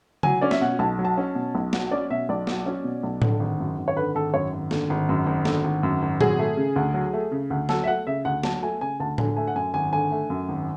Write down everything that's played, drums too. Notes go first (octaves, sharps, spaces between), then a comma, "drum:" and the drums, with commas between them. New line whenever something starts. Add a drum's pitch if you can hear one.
F#3 G#5, drum: tom C#3
C#4 D5
E5, drum: snare
B2 F#5
B1 A5
F#3
A5
C#4
B2
B1
F#3 F#5, drum: snare
C#4 D5
B2 E5
B1 D5
F#3, drum: snare
C#4
B2
B1
D3, drum: tom A2
G#1
F#2
G#1
C#5
D3 B4
G#1 A4
F#2 C#5
G#1
D3, drum: snare
G#1
F#2
G#1
D3, drum: snare
G#1
F#2
G#1
F#3 G#4, drum: tom A#2
A3
C#3
D2
F#3
A3
C#3
D2
F#3 A4, drum: snare
E5
A3 F#5
C#3 E5
D2 F#5
F#3 A5, drum: snare
A3 G#5
C#3 G#5
D2 A5
D3 G#5, drum: tom A2
A3 G#5
F#5
F#2 G#5
G#1 G#5
D3 G#5
A3
F#2
G#1